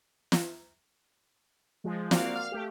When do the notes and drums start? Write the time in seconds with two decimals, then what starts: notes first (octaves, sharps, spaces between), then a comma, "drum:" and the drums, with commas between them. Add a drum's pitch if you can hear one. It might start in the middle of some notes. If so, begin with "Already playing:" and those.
0.32 drum: snare
1.84 F3 G#3
2.11 A#3 C4 F#4 D5 F5, drum: snare
2.35 F5 F6
2.52 A3 G4